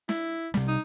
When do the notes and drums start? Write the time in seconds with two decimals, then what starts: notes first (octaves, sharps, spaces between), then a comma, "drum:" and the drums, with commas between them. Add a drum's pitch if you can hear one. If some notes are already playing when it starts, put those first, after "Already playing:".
0.09 E4, drum: snare
0.54 C3 G3, drum: snare
0.68 D#4